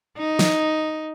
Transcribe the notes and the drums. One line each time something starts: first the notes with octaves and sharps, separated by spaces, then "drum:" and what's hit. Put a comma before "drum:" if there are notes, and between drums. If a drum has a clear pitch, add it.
D#4
drum: snare